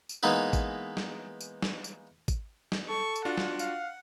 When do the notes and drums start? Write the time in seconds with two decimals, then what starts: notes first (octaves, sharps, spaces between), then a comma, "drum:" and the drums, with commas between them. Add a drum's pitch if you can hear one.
0.09 drum: tambourine
0.23 E3 G#3 A#3 B3 D#4 B4
0.53 drum: kick G#1, tambourine
0.97 drum: snare
1.41 drum: tambourine
1.62 drum: snare
1.84 drum: tambourine
2.28 drum: kick G#1, tambourine
2.72 drum: snare
2.89 A4 C#6
3.16 drum: tambourine
3.25 D4 F4 F#4 F#5
3.37 drum: snare
3.59 F5, drum: tambourine